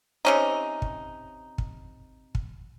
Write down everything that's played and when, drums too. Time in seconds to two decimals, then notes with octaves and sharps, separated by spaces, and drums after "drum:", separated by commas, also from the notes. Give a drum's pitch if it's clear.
0.25 C3 C#4 D#4
0.82 drum: kick
1.58 drum: kick
2.35 drum: kick